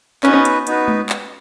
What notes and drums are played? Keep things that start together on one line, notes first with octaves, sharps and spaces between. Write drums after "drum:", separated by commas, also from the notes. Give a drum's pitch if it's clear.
B3 C#4 D#4 F#4 B4, drum: clap
drum: hi-hat
B3 D#4 F#4 B4, drum: hi-hat
drum: tom G#3
drum: clap